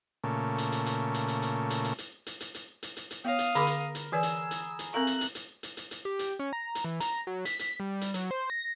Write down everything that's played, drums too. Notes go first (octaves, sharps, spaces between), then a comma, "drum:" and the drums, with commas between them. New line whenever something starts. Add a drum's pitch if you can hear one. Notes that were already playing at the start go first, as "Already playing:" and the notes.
A#2 C#3 A3
drum: hi-hat
drum: hi-hat
drum: hi-hat
drum: hi-hat
drum: hi-hat
drum: hi-hat
drum: hi-hat
drum: hi-hat
drum: hi-hat
drum: hi-hat
drum: hi-hat
drum: hi-hat
drum: hi-hat
drum: hi-hat
drum: hi-hat
B3 C#5 F5 D#6
drum: hi-hat
D3 G#4 A#4 B5 D6, drum: hi-hat
drum: hi-hat
drum: hi-hat
E3 G#4 B4 D5 E6
drum: hi-hat
drum: hi-hat
drum: hi-hat
A3 C4 A#4 F5 A#5 F#6
drum: hi-hat
drum: hi-hat
drum: hi-hat
drum: hi-hat
drum: hi-hat
drum: hi-hat
G4
drum: hi-hat
C#4
A#5
drum: hi-hat
E3
A#5, drum: hi-hat
F#3
B6, drum: hi-hat
drum: hi-hat
G3
drum: hi-hat
F#3, drum: hi-hat
C5
A#6